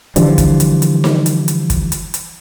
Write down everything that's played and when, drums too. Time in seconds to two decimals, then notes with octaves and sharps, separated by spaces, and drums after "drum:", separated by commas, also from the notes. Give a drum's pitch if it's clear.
0.16 D3 E3 F3 G3, drum: hi-hat
0.38 drum: kick, hi-hat
0.60 drum: hi-hat
0.82 drum: hi-hat
1.04 drum: snare D#4
1.26 drum: hi-hat
1.48 drum: hi-hat
1.70 drum: kick, hi-hat
1.92 drum: hi-hat
2.14 drum: hi-hat